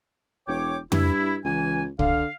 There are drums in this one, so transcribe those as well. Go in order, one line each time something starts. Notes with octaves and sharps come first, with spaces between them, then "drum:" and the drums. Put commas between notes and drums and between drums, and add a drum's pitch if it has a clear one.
E1 C#5 G5 D6
G2 E4, drum: tom F2
C#2 E3 G#5
D3 F5, drum: kick